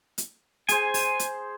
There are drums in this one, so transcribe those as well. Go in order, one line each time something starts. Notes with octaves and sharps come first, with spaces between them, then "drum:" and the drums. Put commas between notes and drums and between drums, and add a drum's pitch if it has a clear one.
drum: hi-hat
G#4 C5 G#5, drum: hi-hat
drum: open hi-hat
drum: hi-hat